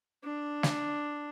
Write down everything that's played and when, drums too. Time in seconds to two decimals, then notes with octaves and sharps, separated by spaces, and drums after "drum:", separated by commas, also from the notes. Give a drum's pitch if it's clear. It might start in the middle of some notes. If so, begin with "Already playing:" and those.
0.24 D4
0.63 drum: snare